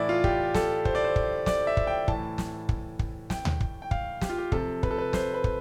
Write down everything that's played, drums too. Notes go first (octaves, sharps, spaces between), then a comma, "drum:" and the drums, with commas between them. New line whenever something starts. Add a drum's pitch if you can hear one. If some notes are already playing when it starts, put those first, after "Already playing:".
Already playing: A2 E3 E4 D5
F4
G4, drum: kick
A4, drum: snare
C5, drum: kick
D5
C5
drum: kick
D5, drum: snare
E5
drum: kick
G5
A2 E3 A5, drum: kick
drum: snare
drum: kick
drum: kick
G5, drum: snare
drum: tom D2
drum: kick
G5
F5, drum: kick
G4, drum: snare
F4
G4
C3 F3 A4, drum: kick
B4, drum: kick
A4
B4
C5, drum: snare
B4
drum: kick